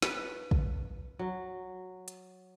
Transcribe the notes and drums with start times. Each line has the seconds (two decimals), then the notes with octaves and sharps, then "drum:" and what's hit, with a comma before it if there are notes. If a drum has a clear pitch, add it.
0.02 B4, drum: snare
0.51 drum: kick
1.19 F#3
2.08 drum: hi-hat